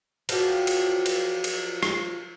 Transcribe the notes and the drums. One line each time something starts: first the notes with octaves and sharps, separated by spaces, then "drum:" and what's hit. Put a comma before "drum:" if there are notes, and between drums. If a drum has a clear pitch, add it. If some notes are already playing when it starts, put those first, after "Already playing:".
F3 F#3 G4, drum: cymbal
drum: cymbal
drum: cymbal
drum: cymbal
drum: rim click